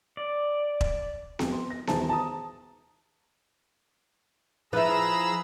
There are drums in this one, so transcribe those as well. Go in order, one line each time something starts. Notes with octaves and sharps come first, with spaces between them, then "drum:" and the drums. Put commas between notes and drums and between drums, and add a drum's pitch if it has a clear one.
D5
drum: kick E1
F2, drum: snare B3
C6
A#6
D#1 E3 G#4 C5 A5 A#5, drum: snare B3
A5 A#5 D#6
F3 E4 G#4 B4 E5 A#5 B5 E6